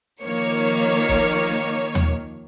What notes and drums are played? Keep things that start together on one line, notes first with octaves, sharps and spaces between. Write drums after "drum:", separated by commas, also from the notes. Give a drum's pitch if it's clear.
D#3 F3 A#3 C#5 C#7
drum: kick
drum: tom D#2